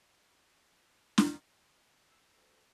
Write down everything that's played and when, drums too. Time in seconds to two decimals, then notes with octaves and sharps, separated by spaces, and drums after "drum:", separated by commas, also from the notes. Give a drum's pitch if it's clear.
1.18 drum: snare
2.10 E6 C7 E7
2.37 D2